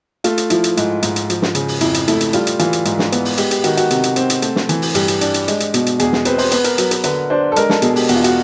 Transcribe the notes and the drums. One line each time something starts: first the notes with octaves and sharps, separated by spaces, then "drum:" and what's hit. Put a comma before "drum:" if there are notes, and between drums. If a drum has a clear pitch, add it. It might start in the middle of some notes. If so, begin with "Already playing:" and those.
A3 F4, drum: hi-hat
drum: hi-hat
F3 E4, drum: hi-hat
drum: hi-hat
G#2, drum: hi-hat
G#2, drum: hi-hat
drum: hi-hat
F3, drum: hi-hat
drum: snare
C#3, drum: hi-hat
drum: open hi-hat
F2 E4, drum: hi-hat
drum: hi-hat
A3 E4, drum: hi-hat
drum: hi-hat
G3 F4, drum: hi-hat
drum: hi-hat
E3 F4, drum: hi-hat
drum: hi-hat
G#2, drum: hi-hat
drum: snare
B3, drum: hi-hat
drum: open hi-hat
G#3 G4, drum: hi-hat
G4, drum: hi-hat
D#3 F#4, drum: hi-hat
F#4, drum: hi-hat
C3, drum: hi-hat
drum: hi-hat
C4, drum: hi-hat
drum: hi-hat
A3, drum: hi-hat
drum: snare
E3, drum: hi-hat
drum: open hi-hat
G2 G4, drum: hi-hat
drum: hi-hat
D4, drum: hi-hat
drum: hi-hat
G#3, drum: hi-hat
drum: hi-hat
B2, drum: hi-hat
drum: hi-hat
E2 G#4, drum: hi-hat
drum: snare
C4 B4, drum: hi-hat
C5, drum: open hi-hat
B3 B4, drum: hi-hat
A#4, drum: hi-hat
F#3 B4, drum: hi-hat
B4, drum: hi-hat
D3 B4, drum: hi-hat
D4 C5
A4
G#3 A#4, drum: hi-hat
A4, drum: snare
B2 G#4, drum: hi-hat
G4, drum: open hi-hat
E2 F#4, drum: hi-hat
F4
F#4, drum: hi-hat